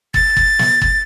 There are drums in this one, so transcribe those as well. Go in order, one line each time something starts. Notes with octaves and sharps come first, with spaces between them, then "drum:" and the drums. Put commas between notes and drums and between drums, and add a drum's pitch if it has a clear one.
A6, drum: kick
drum: kick
drum: snare
drum: kick